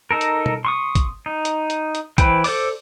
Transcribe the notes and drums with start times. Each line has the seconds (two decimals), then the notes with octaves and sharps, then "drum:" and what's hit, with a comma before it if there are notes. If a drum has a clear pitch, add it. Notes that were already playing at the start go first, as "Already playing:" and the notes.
0.11 D#4 A4 A#4
0.21 drum: hi-hat
0.46 drum: tom B2
0.65 C6 C#6 D#6
0.95 drum: kick, hi-hat
1.26 D#4
1.45 drum: hi-hat
1.70 drum: hi-hat
1.95 drum: hi-hat
2.18 E3 B4 C5 G5 B5, drum: kick, hi-hat
2.44 A4 C5 D5 D6, drum: open hi-hat